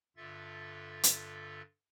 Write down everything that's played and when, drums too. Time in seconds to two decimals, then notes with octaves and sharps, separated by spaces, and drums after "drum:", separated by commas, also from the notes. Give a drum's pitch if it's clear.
0.17 G2 D3 F4 A4 E5 A6
1.03 drum: hi-hat